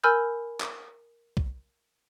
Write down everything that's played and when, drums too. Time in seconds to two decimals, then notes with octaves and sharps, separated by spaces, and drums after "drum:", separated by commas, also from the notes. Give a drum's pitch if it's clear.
0.04 A#4 G#5 B5 E6 F6 G6
0.61 drum: clap
1.37 drum: kick